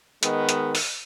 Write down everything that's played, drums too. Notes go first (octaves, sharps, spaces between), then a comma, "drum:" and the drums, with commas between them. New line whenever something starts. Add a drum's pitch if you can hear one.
D#3 G#3 B3, drum: hi-hat
drum: hi-hat
drum: open hi-hat